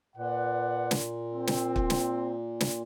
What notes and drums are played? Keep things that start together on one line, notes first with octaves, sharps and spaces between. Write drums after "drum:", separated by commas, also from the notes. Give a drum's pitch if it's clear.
A#2 B4 D5 F#5
drum: snare
C4
drum: snare
drum: kick
drum: snare
drum: snare